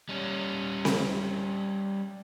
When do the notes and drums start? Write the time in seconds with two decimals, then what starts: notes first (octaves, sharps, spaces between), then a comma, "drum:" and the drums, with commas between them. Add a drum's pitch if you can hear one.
0.09 G3 C#4
0.85 drum: snare C4